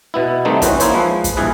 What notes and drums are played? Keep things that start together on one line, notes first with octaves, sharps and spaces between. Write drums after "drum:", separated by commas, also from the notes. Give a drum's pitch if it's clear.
B2 B3 E4
C3 D#3 G3 A3 C4 D#4
E3 C#4 F#4 C5, drum: kick, hi-hat
A#3 D#4 E4 C5 C#5, drum: hi-hat
F3 G#3 B4
drum: kick, hi-hat
A#1 G2 E3 G#4 B4